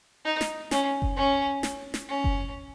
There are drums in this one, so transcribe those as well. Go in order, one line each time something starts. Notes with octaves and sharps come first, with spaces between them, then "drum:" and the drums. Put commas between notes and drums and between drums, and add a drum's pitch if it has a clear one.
D#4
drum: snare
C#4, drum: snare
drum: kick F#1
C#4
drum: snare
drum: snare
C#4
drum: kick F#1